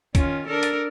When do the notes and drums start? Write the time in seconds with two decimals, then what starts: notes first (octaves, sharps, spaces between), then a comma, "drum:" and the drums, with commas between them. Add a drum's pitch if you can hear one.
0.15 D#3 C#4 F4, drum: kick, hi-hat
0.47 D4 A4 A#4
0.63 drum: hi-hat